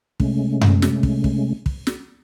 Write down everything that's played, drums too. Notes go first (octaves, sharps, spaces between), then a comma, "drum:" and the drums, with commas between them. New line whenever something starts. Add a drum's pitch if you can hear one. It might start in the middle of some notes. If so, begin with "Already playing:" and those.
C3 G#3 A3 C#4, drum: kick
drum: tom F#2
drum: snare
drum: kick
drum: kick
drum: kick
drum: snare